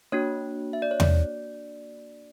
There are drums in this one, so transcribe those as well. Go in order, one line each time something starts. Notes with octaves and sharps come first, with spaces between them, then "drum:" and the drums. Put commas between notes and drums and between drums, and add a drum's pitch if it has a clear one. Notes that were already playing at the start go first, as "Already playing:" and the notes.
A#3 D4 F#4 C#5
E5
D5
C#5
D5, drum: tom E2